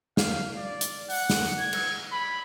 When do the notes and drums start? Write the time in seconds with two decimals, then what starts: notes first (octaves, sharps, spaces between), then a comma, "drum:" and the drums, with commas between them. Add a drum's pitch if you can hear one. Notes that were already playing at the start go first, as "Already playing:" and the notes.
0.17 F5, drum: snare
0.58 D5
0.81 drum: hi-hat
1.10 F#5, drum: open hi-hat
1.30 drum: snare
1.60 G#6
1.73 drum: cymbal
2.12 B5